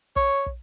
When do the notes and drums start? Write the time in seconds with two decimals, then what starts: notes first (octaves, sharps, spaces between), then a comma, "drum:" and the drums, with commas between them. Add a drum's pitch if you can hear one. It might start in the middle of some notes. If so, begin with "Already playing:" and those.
0.16 C#5, drum: kick
0.46 drum: kick